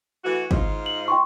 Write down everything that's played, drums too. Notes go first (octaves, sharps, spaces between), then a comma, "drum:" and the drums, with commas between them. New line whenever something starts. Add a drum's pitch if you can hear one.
E3 A3 F#4
G#2 D#4 F4, drum: kick
F#7
G5 C6 C#6